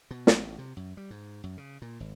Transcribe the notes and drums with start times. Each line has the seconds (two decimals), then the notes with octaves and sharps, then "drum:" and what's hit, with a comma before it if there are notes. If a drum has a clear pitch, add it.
0.11 B2
0.27 A1, drum: snare
0.59 C3
0.77 F#2
0.97 G3
1.10 G#2
1.44 F#2
1.57 C#3
1.82 A#2
2.00 G#1